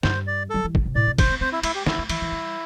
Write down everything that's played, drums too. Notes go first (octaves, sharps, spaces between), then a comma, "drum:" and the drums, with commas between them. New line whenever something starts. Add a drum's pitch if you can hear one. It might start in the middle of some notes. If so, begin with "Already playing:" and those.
G2 C5, drum: snare
D5
G3 A4
E3
D3, drum: kick
C3
A2 D5
C3
D4 C5, drum: kick, cymbal
C4
C4 C5
E4
A3 E4, drum: cymbal
G4
A3 E4, drum: snare
A3
E3 E4, drum: cymbal
E3
G3